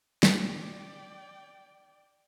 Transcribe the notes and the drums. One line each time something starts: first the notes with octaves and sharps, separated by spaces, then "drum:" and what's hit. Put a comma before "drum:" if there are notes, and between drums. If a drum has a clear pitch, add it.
D5 G5, drum: snare